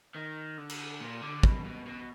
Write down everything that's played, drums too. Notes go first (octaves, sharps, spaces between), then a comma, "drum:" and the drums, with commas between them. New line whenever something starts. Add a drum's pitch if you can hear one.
D#3
D3
drum: cymbal
A#2
D3
B2, drum: kick
B2
B2